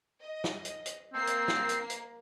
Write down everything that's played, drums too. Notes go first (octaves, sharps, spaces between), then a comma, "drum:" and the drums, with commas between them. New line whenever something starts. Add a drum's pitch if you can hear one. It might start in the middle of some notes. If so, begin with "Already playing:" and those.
D#5
drum: snare
drum: hi-hat
drum: hi-hat
A#3 C4 C7
drum: hi-hat
drum: snare
drum: hi-hat
drum: hi-hat